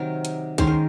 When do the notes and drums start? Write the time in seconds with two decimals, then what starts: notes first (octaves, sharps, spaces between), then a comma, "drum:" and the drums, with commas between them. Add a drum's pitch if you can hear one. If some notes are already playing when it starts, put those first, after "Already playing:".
Already playing: C3 D#3 F#3 A#4 D#5
0.25 drum: hi-hat
0.58 D#3 G#3 C#4 C5, drum: kick C2, hi-hat
0.67 A#4